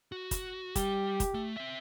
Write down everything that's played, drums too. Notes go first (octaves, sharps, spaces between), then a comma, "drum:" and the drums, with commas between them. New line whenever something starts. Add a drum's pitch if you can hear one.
F#4
drum: kick, hi-hat
G3 G4, drum: kick, hi-hat
drum: kick, hi-hat
A3
C4 E5